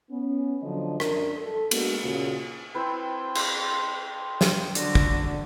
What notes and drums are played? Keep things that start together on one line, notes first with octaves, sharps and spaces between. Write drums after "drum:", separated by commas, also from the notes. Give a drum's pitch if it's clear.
B3 C#4
D3 F3 F#3 D#5
F#2 D4 A#4, drum: rim click
A4
G#3 A#3 B3 D4 F#4, drum: cymbal
D#2 A#2 C#3 F4 F#4
C4 E4 B4 G5
C6, drum: cymbal
drum: snare
D3 F#4, drum: hi-hat
drum: kick